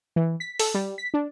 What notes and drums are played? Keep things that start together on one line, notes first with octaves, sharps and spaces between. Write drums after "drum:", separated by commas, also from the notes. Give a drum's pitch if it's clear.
E3
B6
A4, drum: open hi-hat
G3
B6
D4